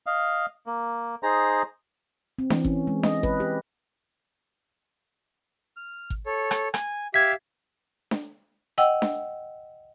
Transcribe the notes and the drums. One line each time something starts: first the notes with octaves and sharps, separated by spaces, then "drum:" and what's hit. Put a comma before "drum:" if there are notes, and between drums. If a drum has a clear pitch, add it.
D#5 F5
A#3
D#4 G#4 C5 A#5
C4
E3, drum: snare D4
C#4, drum: kick G#1
G#3
D#5, drum: snare D4
B4, drum: kick G#1
G4
F6
drum: kick G#1
A4 C#5
drum: rim click
G#5, drum: rim click
G4 E5 F5 G#6 B6
drum: snare D4
D#5 F#5 G5 E6, drum: hi-hat
drum: snare D4